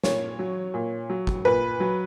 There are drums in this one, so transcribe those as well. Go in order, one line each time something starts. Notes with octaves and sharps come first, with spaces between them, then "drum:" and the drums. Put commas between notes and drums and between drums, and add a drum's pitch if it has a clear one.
A#2 C#5, drum: snare
F#3
A#2
F#3
drum: kick
A#2 B4
F#3